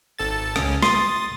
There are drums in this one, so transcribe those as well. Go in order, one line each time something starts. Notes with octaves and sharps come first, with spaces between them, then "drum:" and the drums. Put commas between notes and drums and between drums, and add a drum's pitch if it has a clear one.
G#1 A4 A6
C#2 C#4, drum: rim click
C6 D#6 A6, drum: snare